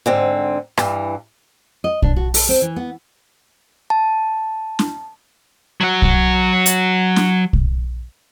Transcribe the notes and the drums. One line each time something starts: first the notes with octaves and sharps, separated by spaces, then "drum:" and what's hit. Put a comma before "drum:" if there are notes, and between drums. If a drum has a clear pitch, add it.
G#2 D3 C4
G2 E3, drum: rim click
D#5
D4, drum: kick
F#4
A4, drum: open hi-hat
C4
E3
B3
A5
drum: snare
F#3 F#4
drum: kick
drum: hi-hat
drum: snare
drum: kick